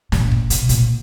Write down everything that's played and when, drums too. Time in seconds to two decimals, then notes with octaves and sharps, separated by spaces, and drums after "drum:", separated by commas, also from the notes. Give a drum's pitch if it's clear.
0.12 A#2, drum: snare
0.31 drum: kick
0.50 B2, drum: hi-hat
0.69 A#2, drum: hi-hat